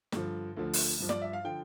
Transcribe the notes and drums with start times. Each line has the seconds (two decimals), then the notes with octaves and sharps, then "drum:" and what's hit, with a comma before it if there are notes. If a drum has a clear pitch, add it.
0.12 G2 D3 F3, drum: snare
0.57 D2 D3 F3
0.73 drum: open hi-hat
1.00 G2 F3
1.09 D5, drum: snare
1.22 E5
1.33 F5
1.44 D3 F3 G5